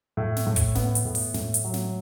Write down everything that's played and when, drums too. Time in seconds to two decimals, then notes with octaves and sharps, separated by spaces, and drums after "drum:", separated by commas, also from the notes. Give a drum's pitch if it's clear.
0.17 A2
0.36 drum: snare
0.46 A2
0.56 drum: kick, hi-hat
0.75 B3, drum: snare
0.95 drum: hi-hat
1.05 A2
1.15 drum: open hi-hat
1.34 A2, drum: snare
1.54 drum: hi-hat
1.64 F#3
1.74 drum: snare